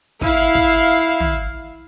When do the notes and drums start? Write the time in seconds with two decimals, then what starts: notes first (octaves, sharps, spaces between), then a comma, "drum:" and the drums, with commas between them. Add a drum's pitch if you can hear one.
0.21 E4 F5, drum: kick
0.55 drum: kick
1.20 drum: tom